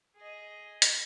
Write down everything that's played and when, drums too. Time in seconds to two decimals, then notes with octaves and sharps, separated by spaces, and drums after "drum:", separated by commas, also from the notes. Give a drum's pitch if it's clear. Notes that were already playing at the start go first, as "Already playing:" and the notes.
0.17 G#4 D#5
0.82 drum: hi-hat